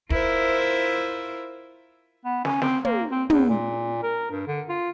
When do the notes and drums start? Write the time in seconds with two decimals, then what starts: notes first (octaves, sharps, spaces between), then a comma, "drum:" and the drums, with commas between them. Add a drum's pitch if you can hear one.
0.10 E4 F4 A#4 C5 E5, drum: kick
2.25 B3
2.45 C#4, drum: snare
2.62 C4, drum: snare
2.85 A#3, drum: tom
3.11 C4
3.30 E2, drum: tom
3.49 A#2
4.03 A#4
4.31 G2
4.47 D3
4.69 F4